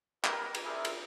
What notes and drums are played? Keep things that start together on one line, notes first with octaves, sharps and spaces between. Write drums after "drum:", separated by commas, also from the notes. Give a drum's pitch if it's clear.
G4 A#4 B4, drum: clap
drum: cymbal
C4 E4 G#4 A#4 D5 E5
drum: cymbal